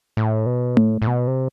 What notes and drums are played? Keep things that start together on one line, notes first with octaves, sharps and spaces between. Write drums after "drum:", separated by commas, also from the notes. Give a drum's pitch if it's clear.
A2
B2
A2, drum: tom A3
A2
B2
C3